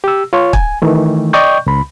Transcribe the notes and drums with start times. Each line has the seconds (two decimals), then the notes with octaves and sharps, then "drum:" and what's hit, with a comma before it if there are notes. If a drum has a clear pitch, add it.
0.04 G4 E6
0.33 F4 C#5
0.53 G#5, drum: kick
0.82 D#3 E3 A3
1.33 D5 D#5 G5 C#6 G6
1.66 C#2 B5